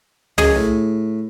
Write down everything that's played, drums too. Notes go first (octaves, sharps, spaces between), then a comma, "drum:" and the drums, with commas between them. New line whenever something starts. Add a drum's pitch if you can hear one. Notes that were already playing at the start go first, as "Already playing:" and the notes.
C#2 F#2 G#4 D#5, drum: tom
A2